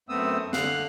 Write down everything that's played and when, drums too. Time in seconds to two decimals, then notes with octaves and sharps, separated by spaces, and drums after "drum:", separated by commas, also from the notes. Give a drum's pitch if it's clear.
0.09 F#2 A3 B3 C4 D#6 E6
0.53 D3 F5 F#6, drum: snare